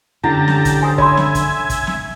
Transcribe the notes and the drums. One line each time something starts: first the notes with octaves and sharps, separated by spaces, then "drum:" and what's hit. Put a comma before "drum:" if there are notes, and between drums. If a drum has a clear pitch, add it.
D3 C#4 E4 G4 F#5 A5 A#5
drum: snare
drum: kick, hi-hat
C5 G#5 D#6 E6
C#5 E5 G#5 B5 C6, drum: kick
drum: snare
drum: kick, hi-hat
drum: kick, hi-hat
drum: snare